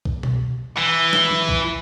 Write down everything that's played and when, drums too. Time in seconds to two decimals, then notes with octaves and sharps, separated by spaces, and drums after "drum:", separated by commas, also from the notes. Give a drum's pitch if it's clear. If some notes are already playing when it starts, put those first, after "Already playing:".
0.05 drum: kick B1
0.23 drum: tom B2
0.77 E3
1.13 drum: snare
1.31 drum: tom F3
1.49 drum: kick B1